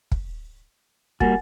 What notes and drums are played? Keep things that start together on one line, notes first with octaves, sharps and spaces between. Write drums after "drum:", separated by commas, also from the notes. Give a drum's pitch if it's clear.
drum: kick
G3 A#3 F#4 F#5 G#5 A6, drum: kick